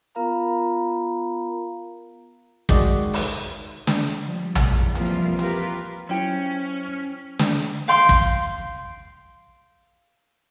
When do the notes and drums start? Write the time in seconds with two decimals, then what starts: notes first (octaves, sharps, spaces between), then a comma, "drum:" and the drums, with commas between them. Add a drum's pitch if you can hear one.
0.15 B3 F4 A#4 F5 A#5 B5
2.69 D#3 G#3 F#4 D5 D#5, drum: kick
3.14 drum: open hi-hat
3.87 drum: snare
4.22 F3 G3
4.55 E2 A2, drum: tom
4.95 E3 F3 G3 A#3 C4 F4, drum: hi-hat
5.39 F4 G4 A#4 B4, drum: hi-hat
6.09 F#3 C#4 E4 C5 G5
7.39 drum: snare
7.88 F5 G5 C6
8.09 drum: kick